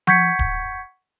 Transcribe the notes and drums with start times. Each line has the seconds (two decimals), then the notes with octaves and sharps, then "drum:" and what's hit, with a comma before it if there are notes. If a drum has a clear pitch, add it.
0.07 F#5 C#6 G6 G#6 B6 C#7, drum: tom F3
0.39 drum: kick D1